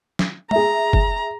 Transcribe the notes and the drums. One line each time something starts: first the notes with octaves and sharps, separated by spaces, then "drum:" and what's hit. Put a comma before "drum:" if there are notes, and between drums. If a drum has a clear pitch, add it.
drum: snare
G#4 E5 A#5, drum: tom G#3
drum: kick